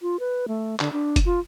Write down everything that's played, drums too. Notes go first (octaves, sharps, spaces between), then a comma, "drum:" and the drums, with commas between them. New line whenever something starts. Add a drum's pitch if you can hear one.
F4
B4
A3
D3, drum: clap
D4
drum: kick F#1, hi-hat
F4